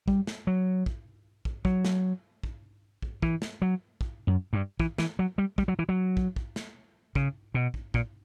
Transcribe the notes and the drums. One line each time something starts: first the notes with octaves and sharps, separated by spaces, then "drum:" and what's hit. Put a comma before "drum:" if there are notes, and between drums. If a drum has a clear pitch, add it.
G3, drum: kick
drum: snare
F#3
drum: kick
drum: kick
F#3, drum: kick
drum: snare
drum: kick
drum: kick
E3, drum: kick
drum: snare
F#3
drum: kick
F#2
G2
E3, drum: kick
E3, drum: snare
F#3
G3
G3, drum: kick
F#3
E3
F#3
drum: kick
drum: kick
drum: snare
C#3, drum: kick
B2
drum: kick
A#2, drum: kick